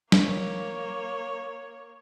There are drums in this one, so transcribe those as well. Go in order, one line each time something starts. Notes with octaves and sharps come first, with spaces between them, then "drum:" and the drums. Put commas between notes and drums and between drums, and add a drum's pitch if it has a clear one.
A#3 C#5, drum: snare